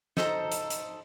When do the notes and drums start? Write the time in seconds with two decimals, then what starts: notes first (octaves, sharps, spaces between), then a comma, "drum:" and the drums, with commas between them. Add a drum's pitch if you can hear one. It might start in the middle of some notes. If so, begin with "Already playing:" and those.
0.17 D#4 A4 C5 A#5, drum: snare
0.52 drum: hi-hat
0.70 drum: hi-hat